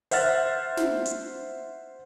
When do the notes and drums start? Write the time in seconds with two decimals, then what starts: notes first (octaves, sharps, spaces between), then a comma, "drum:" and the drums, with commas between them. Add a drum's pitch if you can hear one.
0.11 C5 E5 F#5 F6 A6, drum: open hi-hat
0.77 drum: snare
1.06 drum: hi-hat